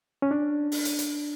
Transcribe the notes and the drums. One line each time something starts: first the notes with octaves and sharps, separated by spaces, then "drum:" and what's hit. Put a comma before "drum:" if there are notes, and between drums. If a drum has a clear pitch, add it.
C#4
D4
drum: open hi-hat
drum: hi-hat
drum: hi-hat